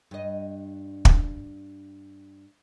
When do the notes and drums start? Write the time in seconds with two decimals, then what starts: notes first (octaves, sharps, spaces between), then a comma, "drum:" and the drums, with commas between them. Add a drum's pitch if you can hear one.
0.11 G2 D#5
1.05 drum: kick